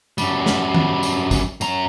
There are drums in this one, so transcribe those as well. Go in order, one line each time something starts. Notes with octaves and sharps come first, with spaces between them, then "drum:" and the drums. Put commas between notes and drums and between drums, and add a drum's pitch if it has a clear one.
F#2 G3, drum: tambourine
drum: snare
drum: tom D#3
drum: tambourine
drum: kick, tambourine
F#2 A#5, drum: tambourine